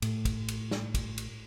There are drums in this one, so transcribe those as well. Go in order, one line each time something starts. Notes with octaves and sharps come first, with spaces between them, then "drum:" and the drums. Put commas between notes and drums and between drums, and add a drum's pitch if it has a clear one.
A2, drum: cymbal
drum: kick, cymbal
drum: cymbal
drum: snare
drum: kick, cymbal
drum: cymbal